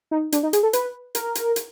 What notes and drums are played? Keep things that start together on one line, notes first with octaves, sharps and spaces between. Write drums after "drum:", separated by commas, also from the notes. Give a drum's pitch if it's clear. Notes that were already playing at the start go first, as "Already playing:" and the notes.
D#4
D4, drum: hi-hat
D#4
G#4, drum: hi-hat
A4
B4, drum: hi-hat
A#4, drum: hi-hat
drum: hi-hat
drum: hi-hat